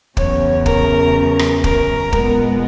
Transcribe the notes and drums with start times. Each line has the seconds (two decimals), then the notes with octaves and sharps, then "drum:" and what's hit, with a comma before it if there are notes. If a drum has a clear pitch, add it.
0.17 E2 C#3 F#3 C#4 C#5, drum: kick
0.66 A#4, drum: kick
1.39 drum: rim click
1.64 A#4, drum: kick
2.13 A#2 G#3 B3, drum: kick